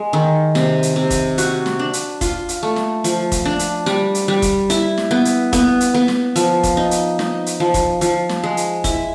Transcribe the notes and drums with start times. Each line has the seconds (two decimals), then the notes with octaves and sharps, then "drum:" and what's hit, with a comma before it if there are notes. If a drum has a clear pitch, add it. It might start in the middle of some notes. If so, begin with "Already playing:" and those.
Already playing: G#3
0.13 D#3
0.55 C3, drum: snare
0.83 drum: hi-hat
0.96 C3
1.10 drum: kick, hi-hat
1.38 F#4, drum: hi-hat
1.66 drum: snare
1.79 D4
1.93 drum: hi-hat
2.21 F4, drum: kick, hi-hat
2.49 drum: hi-hat
2.63 A3
2.76 drum: snare
3.04 F3, drum: hi-hat
3.32 drum: kick, hi-hat
3.45 D4
3.59 drum: hi-hat
3.86 G3, drum: snare
4.15 drum: hi-hat
4.28 G3
4.42 drum: kick, hi-hat
4.70 E4, drum: hi-hat
4.98 drum: snare
5.11 B3
5.25 drum: hi-hat
5.53 B3, drum: kick, hi-hat
5.80 drum: hi-hat
5.94 B3
6.08 drum: snare
6.36 F3, drum: hi-hat
6.63 drum: kick, hi-hat
6.77 D#4
6.91 drum: hi-hat
7.19 D#4, drum: snare
7.46 drum: hi-hat
7.60 F3
7.74 drum: kick, hi-hat
8.01 F3, drum: hi-hat
8.29 drum: snare
8.44 G#3
8.57 drum: hi-hat
8.84 E4, drum: kick, hi-hat